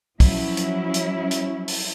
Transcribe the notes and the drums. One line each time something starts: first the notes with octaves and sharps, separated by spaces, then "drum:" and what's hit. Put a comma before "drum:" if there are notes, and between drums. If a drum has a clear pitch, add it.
F3 F#3 C#4 E4, drum: kick, open hi-hat
drum: hi-hat
drum: hi-hat
drum: hi-hat
drum: open hi-hat